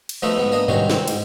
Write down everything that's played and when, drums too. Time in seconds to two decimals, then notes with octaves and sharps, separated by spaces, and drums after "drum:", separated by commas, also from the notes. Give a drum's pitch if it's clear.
0.09 drum: cymbal
0.22 F3 A3 B3 D#4 F#4 E5
0.38 G#2 B3
0.52 A#3 B3 D4 D#5
0.68 G2 C3 D#3 G#3 C#4 F#4, drum: tom G2
0.90 C4, drum: snare
1.08 G#2, drum: cymbal